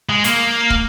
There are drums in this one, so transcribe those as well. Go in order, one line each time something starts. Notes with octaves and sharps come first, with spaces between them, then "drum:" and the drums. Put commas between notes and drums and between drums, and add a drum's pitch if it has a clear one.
G#3
A#3, drum: hi-hat
drum: kick